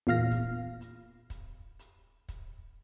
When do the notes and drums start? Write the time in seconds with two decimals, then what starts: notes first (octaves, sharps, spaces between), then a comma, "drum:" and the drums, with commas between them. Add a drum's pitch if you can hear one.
0.07 E2 A#2 F5 F6 A#6
0.31 drum: kick, hi-hat
0.81 drum: hi-hat
1.30 drum: kick, hi-hat
1.79 drum: hi-hat
2.29 drum: kick, hi-hat